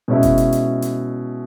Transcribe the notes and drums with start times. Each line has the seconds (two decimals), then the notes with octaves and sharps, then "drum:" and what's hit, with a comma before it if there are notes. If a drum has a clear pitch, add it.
0.08 B2 G#3 C#4 E4
0.23 drum: kick F#1, hi-hat
0.38 drum: hi-hat
0.53 drum: hi-hat
0.82 drum: hi-hat